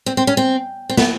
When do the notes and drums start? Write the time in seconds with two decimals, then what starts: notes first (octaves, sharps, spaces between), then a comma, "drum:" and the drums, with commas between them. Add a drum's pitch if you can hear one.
0.06 C4
0.17 C4
0.27 C#4
0.37 C4
0.89 C4
0.97 B3, drum: snare